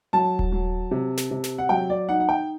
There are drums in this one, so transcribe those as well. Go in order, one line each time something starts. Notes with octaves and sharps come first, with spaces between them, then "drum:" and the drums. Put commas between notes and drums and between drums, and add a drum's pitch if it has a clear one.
F#3 A5
drum: kick D#1
F#3
C3
drum: snare
C3
drum: snare
F#5
F#3 G5
D5
D#4 F#5
F#5
G5